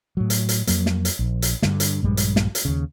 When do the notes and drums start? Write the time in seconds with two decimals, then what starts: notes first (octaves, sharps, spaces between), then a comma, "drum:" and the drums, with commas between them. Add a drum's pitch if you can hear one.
0.17 A2 F#3
0.30 drum: hi-hat
0.49 drum: hi-hat
0.67 F2 F#3 A#3, drum: hi-hat
0.86 drum: snare
1.05 drum: hi-hat
1.19 A#1
1.42 drum: hi-hat
1.62 G2 D3, drum: snare
1.80 drum: hi-hat
2.03 A#1 G2 G3 G#3
2.17 drum: hi-hat
2.36 drum: snare
2.55 drum: hi-hat
2.65 D#2 C#3